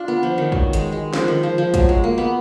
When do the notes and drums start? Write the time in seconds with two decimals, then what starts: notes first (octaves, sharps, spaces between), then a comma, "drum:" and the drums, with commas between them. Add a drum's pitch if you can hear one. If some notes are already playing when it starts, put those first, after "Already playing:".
Already playing: D4 F4
0.08 B3
0.23 F3
0.38 D#3
0.52 F#3, drum: kick
0.73 G#3, drum: hi-hat
0.92 G#3
1.13 F3, drum: snare
1.28 D#3
1.43 F3
1.58 F3
1.74 F#3, drum: kick, hi-hat
1.89 G#3
2.04 A#3
2.18 B3